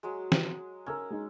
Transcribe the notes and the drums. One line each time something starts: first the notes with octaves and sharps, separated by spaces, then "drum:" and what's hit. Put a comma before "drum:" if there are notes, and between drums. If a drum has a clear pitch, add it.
F#3 G#3
drum: snare
C#4 A#4 E6 G#6
G#3 D#4